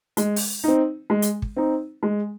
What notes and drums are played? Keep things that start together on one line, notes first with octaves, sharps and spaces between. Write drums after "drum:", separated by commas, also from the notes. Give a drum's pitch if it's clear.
G#3, drum: hi-hat
drum: open hi-hat
C4 D#4
G#3
drum: hi-hat
drum: kick
C4 D#4
G#3